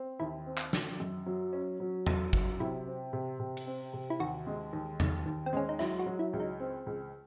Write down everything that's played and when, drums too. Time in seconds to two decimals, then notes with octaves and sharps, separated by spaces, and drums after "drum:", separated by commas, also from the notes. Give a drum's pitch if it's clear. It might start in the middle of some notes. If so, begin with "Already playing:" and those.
Already playing: C4
0.20 D#2 E4
0.46 C4
0.58 drum: clap
0.73 D#3, drum: snare
1.00 F#2
1.26 F#3
1.53 C#4
1.80 F#3
2.06 F#2, drum: tom E2
2.33 F#3, drum: kick
2.60 C3 E4
2.86 C4
3.13 C3
3.39 C3
3.57 drum: cymbal
3.67 C4
3.93 C3
4.10 E4
4.20 D#2 F#4
4.47 G#3
4.73 D#2
5.00 D#3, drum: tom E2
5.26 D#2
5.46 C4
5.53 G#3 C#4
5.69 D#4
5.79 F#3 E4, drum: rim click
5.99 F#4
6.06 F#3
6.19 E4
6.33 C#2
6.40 D#4
6.60 C4
6.86 C#2